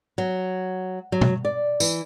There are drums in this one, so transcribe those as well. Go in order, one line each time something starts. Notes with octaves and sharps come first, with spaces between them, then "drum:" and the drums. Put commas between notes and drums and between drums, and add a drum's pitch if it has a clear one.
F#3
F#3
drum: tom
D5
E3, drum: tambourine